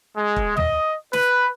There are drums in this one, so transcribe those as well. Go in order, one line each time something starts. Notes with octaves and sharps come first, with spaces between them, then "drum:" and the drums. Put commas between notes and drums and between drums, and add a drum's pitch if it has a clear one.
G#3
drum: kick
D#5, drum: tom
B4, drum: snare